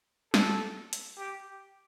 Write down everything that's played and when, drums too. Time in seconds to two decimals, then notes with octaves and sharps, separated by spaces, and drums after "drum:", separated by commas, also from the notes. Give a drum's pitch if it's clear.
0.34 A4, drum: snare
0.93 drum: hi-hat
1.18 G4